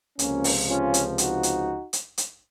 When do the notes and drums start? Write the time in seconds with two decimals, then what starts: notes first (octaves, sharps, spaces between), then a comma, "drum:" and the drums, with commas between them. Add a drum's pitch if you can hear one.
0.19 C#2 C3 F3 A#3 C#4, drum: hi-hat
0.44 drum: open hi-hat
0.69 C#4 F4
0.94 drum: hi-hat
1.18 D#4 F#4, drum: hi-hat
1.43 drum: hi-hat
1.93 drum: hi-hat
2.18 drum: hi-hat